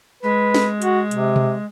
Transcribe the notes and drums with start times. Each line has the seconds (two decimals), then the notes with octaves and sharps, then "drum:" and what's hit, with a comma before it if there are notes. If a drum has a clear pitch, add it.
0.23 G#3 B4
0.54 drum: snare
0.82 F#4, drum: hi-hat
1.11 C3, drum: hi-hat
1.36 drum: tom B2